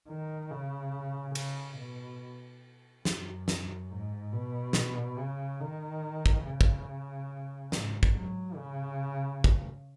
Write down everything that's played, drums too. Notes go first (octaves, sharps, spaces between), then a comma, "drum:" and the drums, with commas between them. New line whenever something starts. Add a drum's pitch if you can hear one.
D#3
C#3
C#3, drum: cymbal
B2
F#2, drum: snare
drum: snare
G#2
B2
drum: snare
C#3
D#3
drum: kick
C#3
drum: kick
G#2, drum: snare
drum: kick
F#3
C#3
drum: kick